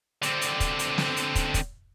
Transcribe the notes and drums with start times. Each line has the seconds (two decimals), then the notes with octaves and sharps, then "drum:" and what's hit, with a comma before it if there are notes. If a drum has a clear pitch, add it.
0.23 D3 C4, drum: hi-hat
0.41 drum: hi-hat
0.60 drum: kick, hi-hat
0.79 drum: hi-hat
0.98 drum: snare
1.17 drum: hi-hat
1.35 drum: kick, hi-hat
1.54 drum: kick, hi-hat